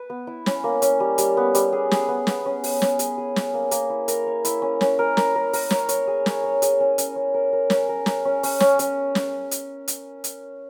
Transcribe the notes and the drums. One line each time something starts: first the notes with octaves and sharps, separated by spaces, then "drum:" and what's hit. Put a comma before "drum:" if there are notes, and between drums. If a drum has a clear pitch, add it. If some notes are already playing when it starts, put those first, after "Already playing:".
Already playing: B4
B3
E4
C#4, drum: snare
A#3
C#4, drum: hi-hat
G3
G3, drum: hi-hat
B3
G3, drum: hi-hat
G#4
G#4, drum: snare
B3
B3, drum: snare
C#4
G#4, drum: open hi-hat
C#4, drum: snare
G#4, drum: hi-hat
G#4
C#4, drum: snare
A#3
A#3, drum: hi-hat
E4
A#4, drum: hi-hat
C#5
E4, drum: hi-hat
C#4
C#4, drum: snare
A#4
A#4, drum: snare
A#4
A#4, drum: open hi-hat
C#5, drum: snare
C#5, drum: hi-hat
G#4
C#5, drum: snare
C#5
G#4, drum: hi-hat
C#4
C#4, drum: hi-hat
C#4
A#4
A#4
C#4, drum: snare
A#4
A#4, drum: snare
C#4
C#4, drum: open hi-hat
C#4, drum: snare
C#4, drum: hi-hat
drum: snare
drum: hi-hat
drum: hi-hat
drum: hi-hat